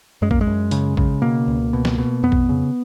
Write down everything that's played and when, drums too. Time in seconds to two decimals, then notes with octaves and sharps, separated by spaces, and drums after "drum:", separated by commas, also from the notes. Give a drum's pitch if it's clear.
0.22 F#2 G#3
0.31 A#3, drum: kick A#1
0.41 G#3
0.47 F#2
0.71 C#3, drum: hi-hat
0.97 C#3, drum: kick A#1
1.22 B2 A#3
1.48 C#2
1.73 B2
1.85 drum: snare
1.98 B2
2.23 F2 B3
2.32 drum: kick A#1
2.49 C#3